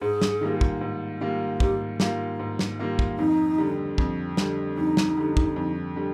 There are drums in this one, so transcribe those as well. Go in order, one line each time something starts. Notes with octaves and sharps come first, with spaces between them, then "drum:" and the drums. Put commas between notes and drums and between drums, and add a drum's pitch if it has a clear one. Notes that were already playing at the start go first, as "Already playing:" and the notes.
G#2 G#4
drum: snare
D#3 G3 A#3 F4
drum: kick
G#2
D#3 G3 A#3 F4
G#2 G4, drum: kick
D#3 G3 A#3 F4, drum: snare
G#2
drum: snare
D#3 G3 A#3 F4
drum: kick
F2 D#4
D3 G3
F2, drum: kick
D3 G3, drum: snare
F2 D#4
drum: snare
D3 G3
drum: kick
F2
D3 G3